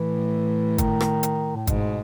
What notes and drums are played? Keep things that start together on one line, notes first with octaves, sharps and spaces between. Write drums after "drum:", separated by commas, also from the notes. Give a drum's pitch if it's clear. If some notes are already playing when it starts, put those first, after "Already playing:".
Already playing: A2 E3
D#3, drum: kick, hi-hat
drum: rim click
drum: hi-hat
A2
G#2 B2, drum: kick, hi-hat